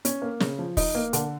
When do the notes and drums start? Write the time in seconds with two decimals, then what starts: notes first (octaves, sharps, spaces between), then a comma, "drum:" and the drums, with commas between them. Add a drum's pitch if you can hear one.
0.05 C#4, drum: hi-hat
0.22 A#3
0.40 C#3, drum: snare
0.59 F3
0.77 D#4, drum: kick, open hi-hat
0.95 A#3
1.13 D3, drum: hi-hat